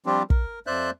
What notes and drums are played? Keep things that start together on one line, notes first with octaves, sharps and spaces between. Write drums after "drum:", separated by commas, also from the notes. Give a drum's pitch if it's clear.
F3 G3 C4 D4 F4 G4
A#4, drum: kick
F2 C5 D5 E5 F#6 G6